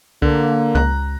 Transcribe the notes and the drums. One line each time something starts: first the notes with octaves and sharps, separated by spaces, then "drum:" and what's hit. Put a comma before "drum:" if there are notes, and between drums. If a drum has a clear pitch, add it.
D3 A#3, drum: kick C2
C#2 A#5 F#6